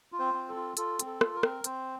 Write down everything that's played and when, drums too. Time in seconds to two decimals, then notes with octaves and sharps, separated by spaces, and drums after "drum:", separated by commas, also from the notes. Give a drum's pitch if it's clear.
0.12 F4
0.19 C4 C5
0.34 C4
0.49 A4
0.56 F4
0.77 F4 A4, drum: hi-hat
0.99 C4, drum: hi-hat
1.06 A4
1.21 F4, drum: rim click
1.35 A#4
1.43 C4, drum: rim click
1.64 C4 C5, drum: hi-hat